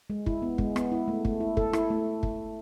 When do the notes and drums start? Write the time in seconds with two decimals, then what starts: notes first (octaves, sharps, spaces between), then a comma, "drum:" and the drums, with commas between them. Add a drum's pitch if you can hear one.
0.10 G#3
0.26 E4, drum: kick
0.42 B3
0.58 G#3, drum: kick
0.76 B3, drum: rim click
0.92 E4
1.08 A3
1.25 A3, drum: kick
1.40 E4
1.57 A4, drum: kick
1.73 E4, drum: rim click
1.90 A3
2.23 drum: kick